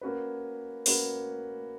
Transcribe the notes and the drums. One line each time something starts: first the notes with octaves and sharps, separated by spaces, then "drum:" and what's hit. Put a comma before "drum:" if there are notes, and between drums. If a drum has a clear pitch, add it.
A#3 C#4 F#4 B4
A#3 C#4 F#4 B4, drum: open hi-hat